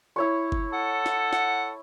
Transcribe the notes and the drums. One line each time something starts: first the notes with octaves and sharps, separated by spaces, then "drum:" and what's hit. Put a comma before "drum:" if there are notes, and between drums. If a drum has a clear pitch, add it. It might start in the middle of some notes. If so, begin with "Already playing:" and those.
E4 C#5 C#6
drum: kick F#1
A4 F#5
drum: snare
F#5, drum: snare